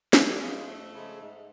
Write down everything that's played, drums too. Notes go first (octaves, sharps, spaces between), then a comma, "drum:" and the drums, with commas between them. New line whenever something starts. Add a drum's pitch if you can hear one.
F2 F3 F4, drum: snare
D3 D4
C#3 F3 G#3 C#4
B3
F2 A3
C#3 F3 G#3
G#2